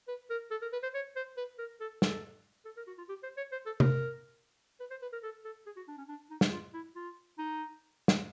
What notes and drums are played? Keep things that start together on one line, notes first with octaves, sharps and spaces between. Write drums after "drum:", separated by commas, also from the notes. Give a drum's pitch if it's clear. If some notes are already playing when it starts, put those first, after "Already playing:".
B4
A#4
A4
A#4
B4
C5
C#5
C5
B4
A#4
A4
A4, drum: snare
A4
A#4
F#4
F4
G4
C5
C#5
C5
A4
A#4, drum: tom
B4
C5
B4
A#4
A4
A4
G#4
F#4
D4
C#4
D4
D#4
drum: snare
F4
E4
F4
D#4
drum: snare